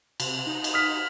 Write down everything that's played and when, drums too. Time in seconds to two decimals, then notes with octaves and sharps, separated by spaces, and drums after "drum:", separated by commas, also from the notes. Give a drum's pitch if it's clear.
0.20 C3, drum: cymbal
0.47 D#4
0.64 drum: cymbal
0.74 D#6 F6 B6